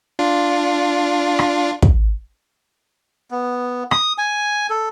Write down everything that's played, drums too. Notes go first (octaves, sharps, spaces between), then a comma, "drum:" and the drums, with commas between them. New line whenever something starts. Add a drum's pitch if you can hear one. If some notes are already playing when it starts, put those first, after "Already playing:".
D4 F4
drum: rim click
drum: kick
B3
D#6, drum: rim click
G#5
A4